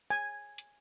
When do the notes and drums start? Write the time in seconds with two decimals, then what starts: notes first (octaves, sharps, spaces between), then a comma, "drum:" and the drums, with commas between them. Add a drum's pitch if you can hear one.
0.10 G#5
0.58 drum: hi-hat